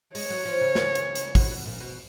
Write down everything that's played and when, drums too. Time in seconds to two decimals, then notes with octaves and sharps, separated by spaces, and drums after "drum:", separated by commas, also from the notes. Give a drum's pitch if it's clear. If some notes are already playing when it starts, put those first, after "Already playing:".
0.15 G#3 C#5, drum: open hi-hat
0.30 F#3
0.45 F3
0.61 C#3
0.75 drum: snare
0.95 drum: hi-hat
1.15 drum: hi-hat
1.35 B2, drum: kick, open hi-hat
1.51 B2
1.66 A#2
1.80 B2